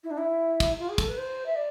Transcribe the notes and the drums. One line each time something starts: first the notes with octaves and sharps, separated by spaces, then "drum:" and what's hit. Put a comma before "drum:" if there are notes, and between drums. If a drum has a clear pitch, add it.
E4
D4
E4
drum: kick, cymbal
F4
G#4
A4, drum: kick, cymbal
B4
C5
E5
D5